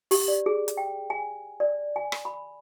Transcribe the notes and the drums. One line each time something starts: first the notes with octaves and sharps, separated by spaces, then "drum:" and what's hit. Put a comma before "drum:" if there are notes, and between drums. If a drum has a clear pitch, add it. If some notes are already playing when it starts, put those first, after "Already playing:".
G4, drum: open hi-hat
D5
G#4
drum: hi-hat
G5
G#5
D5
G#5
drum: rim click
B5